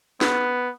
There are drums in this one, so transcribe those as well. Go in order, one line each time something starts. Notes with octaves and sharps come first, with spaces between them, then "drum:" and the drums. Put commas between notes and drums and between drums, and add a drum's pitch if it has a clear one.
B3, drum: snare